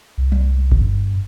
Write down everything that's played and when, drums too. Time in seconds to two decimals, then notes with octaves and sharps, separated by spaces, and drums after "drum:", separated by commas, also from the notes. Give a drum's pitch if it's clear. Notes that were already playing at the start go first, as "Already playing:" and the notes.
0.18 C2
0.32 drum: tom F#3
0.72 drum: kick G1
0.81 G2